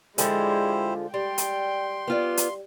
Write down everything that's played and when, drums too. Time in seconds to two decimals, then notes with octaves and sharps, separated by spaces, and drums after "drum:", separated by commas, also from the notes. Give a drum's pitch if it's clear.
0.18 D3 F3 G#3 E4 G4 G#4 C5, drum: hi-hat
1.14 G3 G5 C6
1.38 drum: hi-hat
2.07 B3 F4 D5
2.37 drum: hi-hat